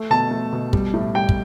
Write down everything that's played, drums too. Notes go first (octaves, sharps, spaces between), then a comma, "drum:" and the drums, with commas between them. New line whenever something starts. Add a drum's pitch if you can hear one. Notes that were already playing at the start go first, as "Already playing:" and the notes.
Already playing: A3
B2 A5
A3
B2
G3, drum: kick
A2
G3 G5
drum: kick